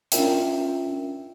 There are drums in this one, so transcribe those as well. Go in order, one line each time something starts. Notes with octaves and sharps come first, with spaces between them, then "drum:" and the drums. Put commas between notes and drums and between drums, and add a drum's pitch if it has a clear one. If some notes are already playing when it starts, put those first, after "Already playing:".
C#4 D4 F4 A#4 E5 G5, drum: hi-hat